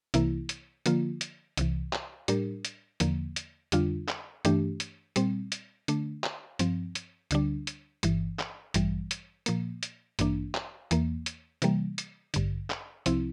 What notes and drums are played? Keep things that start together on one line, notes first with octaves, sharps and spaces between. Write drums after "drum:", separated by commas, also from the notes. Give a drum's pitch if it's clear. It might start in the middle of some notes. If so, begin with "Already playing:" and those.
C2 C3 E3 A#3 E4, drum: hi-hat
drum: hi-hat
D3 F3 A#3 F4, drum: hi-hat
drum: hi-hat
C2 C3 E3, drum: hi-hat
drum: clap
A2 G3 D4 G4 A#4, drum: hi-hat
drum: hi-hat
E2 D3 F3 A#3, drum: hi-hat
drum: hi-hat
F2 D3 G3 D4 F4, drum: hi-hat
drum: clap
G2 E3 A3 D4 G4, drum: hi-hat
drum: hi-hat
A#2 G3 C4, drum: hi-hat
drum: hi-hat
D3 A3 D4, drum: hi-hat
drum: clap
G2 F3 C4, drum: hi-hat
drum: hi-hat
D2 D3 G3 D4, drum: hi-hat
drum: hi-hat
G1 G2 E3, drum: hi-hat
drum: clap
A1 G2 E3 G3, drum: hi-hat
drum: hi-hat
A#2 F3 A#3, drum: hi-hat
drum: hi-hat
A1 G2 E3 A#3 D4, drum: hi-hat
drum: clap
E2 E3 A#3, drum: hi-hat
drum: hi-hat
C3 E3 G3 A#3, drum: hi-hat
drum: hi-hat
A1 G2 D3, drum: hi-hat
drum: clap
C2 C3 F3 C4 E4, drum: hi-hat